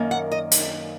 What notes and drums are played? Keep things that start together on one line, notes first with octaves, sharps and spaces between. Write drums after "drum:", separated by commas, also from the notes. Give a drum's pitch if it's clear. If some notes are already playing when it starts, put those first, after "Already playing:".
Already playing: F#2 D#3 A#3
F#5
D#5
drum: hi-hat